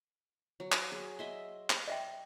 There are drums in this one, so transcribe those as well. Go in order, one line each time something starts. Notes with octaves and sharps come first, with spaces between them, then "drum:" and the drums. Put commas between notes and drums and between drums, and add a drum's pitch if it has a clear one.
F#3
drum: clap
F#3 G#4
D#5 E5 C6
drum: clap
D#5 E5 G5